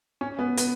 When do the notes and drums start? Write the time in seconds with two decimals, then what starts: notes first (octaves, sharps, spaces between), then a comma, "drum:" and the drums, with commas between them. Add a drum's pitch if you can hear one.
0.21 C#4
0.39 B3
0.57 B3, drum: hi-hat